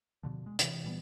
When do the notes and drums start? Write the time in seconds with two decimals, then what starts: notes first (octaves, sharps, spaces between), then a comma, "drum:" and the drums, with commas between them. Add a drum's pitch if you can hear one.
0.23 B2 D3 F3
0.46 G#3
0.59 C3 E3, drum: hi-hat
0.84 A#2 E3 G3 B3